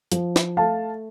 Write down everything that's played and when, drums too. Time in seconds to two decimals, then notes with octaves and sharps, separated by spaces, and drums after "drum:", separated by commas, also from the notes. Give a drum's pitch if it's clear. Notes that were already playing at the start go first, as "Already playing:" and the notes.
0.12 F3, drum: hi-hat
0.36 drum: snare
0.57 A3 F5 A5